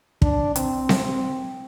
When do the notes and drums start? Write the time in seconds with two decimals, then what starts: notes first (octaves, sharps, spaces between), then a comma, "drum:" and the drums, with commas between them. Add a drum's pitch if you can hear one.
0.22 D4, drum: kick
0.56 C4, drum: hi-hat
0.89 drum: snare C4